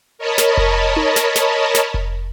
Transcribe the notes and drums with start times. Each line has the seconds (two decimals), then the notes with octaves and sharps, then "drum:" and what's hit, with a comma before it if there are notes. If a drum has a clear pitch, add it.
0.18 A#4 C#5 D#5 A5 B5
0.38 drum: snare
0.57 drum: kick F1
0.96 drum: tom D#4
1.16 drum: snare
1.36 drum: snare
1.75 drum: snare
1.94 drum: kick F1